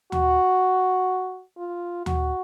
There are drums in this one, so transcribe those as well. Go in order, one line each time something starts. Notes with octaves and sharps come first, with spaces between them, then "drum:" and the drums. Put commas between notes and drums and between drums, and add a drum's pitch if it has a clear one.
F#4, drum: tom D2
F4
F#4, drum: tom D2